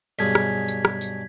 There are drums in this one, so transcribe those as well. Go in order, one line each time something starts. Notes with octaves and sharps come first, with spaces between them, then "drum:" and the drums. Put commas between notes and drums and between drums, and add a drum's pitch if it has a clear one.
B1 G2 G#4 G#6 B6
drum: rim click
drum: tambourine
drum: rim click
drum: tambourine